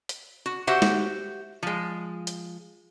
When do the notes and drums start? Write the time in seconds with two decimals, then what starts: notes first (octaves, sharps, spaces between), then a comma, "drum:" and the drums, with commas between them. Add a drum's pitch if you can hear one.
0.09 drum: hi-hat
0.46 F#4
0.67 F#4 G4 C5 E5 F#5
0.82 drum: snare
1.63 F3 G#3
2.27 drum: hi-hat